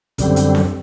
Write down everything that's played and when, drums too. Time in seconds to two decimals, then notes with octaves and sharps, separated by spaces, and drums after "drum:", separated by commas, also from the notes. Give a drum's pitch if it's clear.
0.18 F#2 D3 G3 C4, drum: kick, hi-hat
0.36 drum: hi-hat
0.55 drum: snare C4